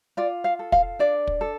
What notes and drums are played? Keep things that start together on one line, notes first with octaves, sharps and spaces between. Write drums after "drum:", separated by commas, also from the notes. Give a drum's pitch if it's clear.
F4 D5
F5
A4
F5, drum: kick
D4 D5
drum: kick
A4